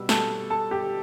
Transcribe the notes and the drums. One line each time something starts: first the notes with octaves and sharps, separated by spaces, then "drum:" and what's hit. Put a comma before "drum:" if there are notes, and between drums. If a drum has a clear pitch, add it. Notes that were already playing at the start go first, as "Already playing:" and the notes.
Already playing: B2 G3 E6
A4 A5, drum: snare
A4 A5
G4 G5